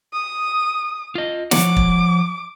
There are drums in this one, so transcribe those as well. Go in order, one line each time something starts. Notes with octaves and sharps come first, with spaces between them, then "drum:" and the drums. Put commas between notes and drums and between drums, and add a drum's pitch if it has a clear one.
D#6
F4 D#5
F3 C#5 F#5 D6, drum: snare
drum: kick